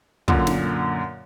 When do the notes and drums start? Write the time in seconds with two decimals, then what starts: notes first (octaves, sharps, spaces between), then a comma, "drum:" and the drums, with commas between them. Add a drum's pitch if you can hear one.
0.28 F#2 A#2 D3, drum: kick
0.47 drum: snare